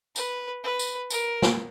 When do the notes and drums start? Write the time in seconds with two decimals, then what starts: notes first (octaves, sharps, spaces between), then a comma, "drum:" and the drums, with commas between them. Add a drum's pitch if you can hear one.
0.16 B4, drum: tambourine
0.64 B4
0.79 drum: tambourine
1.10 A#4, drum: tambourine
1.42 drum: snare